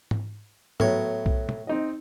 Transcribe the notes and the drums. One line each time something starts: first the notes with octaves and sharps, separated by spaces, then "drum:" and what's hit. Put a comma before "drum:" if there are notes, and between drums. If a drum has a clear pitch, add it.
drum: tom G#2
A2 F#3 B3 C#5, drum: tom G#2
drum: kick B1
drum: tom
C4 D#4 D#5